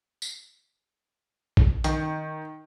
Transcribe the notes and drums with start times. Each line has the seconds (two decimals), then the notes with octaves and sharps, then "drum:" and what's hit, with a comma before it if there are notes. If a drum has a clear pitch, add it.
0.22 drum: tambourine
1.57 drum: kick A#1
1.84 D#3, drum: hi-hat